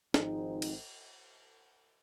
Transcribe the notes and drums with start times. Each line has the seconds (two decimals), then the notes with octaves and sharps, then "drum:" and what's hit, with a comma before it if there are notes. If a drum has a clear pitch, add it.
0.14 G#1 G#2 F3 C4 D#4, drum: snare
0.62 drum: cymbal